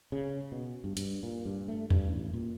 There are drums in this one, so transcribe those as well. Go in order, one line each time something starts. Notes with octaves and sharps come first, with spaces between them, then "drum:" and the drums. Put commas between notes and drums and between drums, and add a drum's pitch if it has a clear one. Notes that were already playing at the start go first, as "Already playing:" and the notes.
C#3
B2
G2
G2, drum: hi-hat
A#2
G2
A3
G2, drum: tom E2
A1
A#2